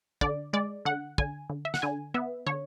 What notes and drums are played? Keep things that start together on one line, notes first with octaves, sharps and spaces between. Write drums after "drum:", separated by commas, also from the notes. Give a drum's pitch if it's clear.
D3 D5, drum: kick
G#3 D5
D3 F#5
D3 G#5, drum: kick
D3
E5
F#5, drum: snare
D3 G#5
B3 E5
D3 C#5